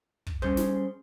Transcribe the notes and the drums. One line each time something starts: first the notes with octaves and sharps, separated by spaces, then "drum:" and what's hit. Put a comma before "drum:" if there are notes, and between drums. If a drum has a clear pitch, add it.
drum: kick
G3 C#4 G#4 C5, drum: kick
drum: snare